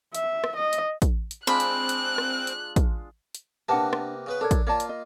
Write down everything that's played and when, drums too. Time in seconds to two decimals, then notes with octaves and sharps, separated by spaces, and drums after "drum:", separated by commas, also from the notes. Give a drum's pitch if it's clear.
0.15 E5, drum: hi-hat
0.44 drum: rim click
0.56 D#5
0.73 drum: hi-hat
1.02 drum: kick, hi-hat
1.31 drum: hi-hat
1.47 G#3 C4 D4 F4 B5 F#6
1.60 drum: hi-hat
1.89 drum: hi-hat
2.18 drum: rim click
2.47 drum: hi-hat
2.76 drum: kick, hi-hat
3.35 drum: hi-hat
3.69 C3 A#3 B3 D4 F#5 A5
3.93 drum: rim click
4.26 C#3 B3 B4
4.41 D4 A4 A#4 C#5
4.51 drum: kick, hi-hat
4.67 A#3 F4 C#5 D5 A5
4.80 drum: hi-hat
4.89 D#5